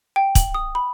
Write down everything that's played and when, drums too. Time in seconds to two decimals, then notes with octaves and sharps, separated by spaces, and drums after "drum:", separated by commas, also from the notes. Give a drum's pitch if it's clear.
0.16 G5
0.35 F#7, drum: kick, hi-hat
0.54 D#6
0.75 B5